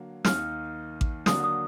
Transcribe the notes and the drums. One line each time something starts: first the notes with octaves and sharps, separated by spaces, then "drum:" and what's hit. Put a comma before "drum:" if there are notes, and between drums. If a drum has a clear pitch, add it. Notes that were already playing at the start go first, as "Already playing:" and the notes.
Already playing: D3 F#3 A#3
D#2 D#3 A#3 D#4 F6, drum: snare
drum: kick A1
D3 F#3 A#3 D4 D#6, drum: snare
D#6